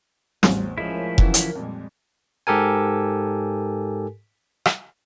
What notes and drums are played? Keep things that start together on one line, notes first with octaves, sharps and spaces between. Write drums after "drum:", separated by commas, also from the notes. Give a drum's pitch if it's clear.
A1 E2 F#3 G3 C4, drum: snare
A2 F3 G#3 C#4 E4 A#4
C#3 E3 F#3, drum: kick F1
drum: hi-hat
F2 A#2 G3 G#3
G#2 G4 A4 A#4 G#5
drum: rim click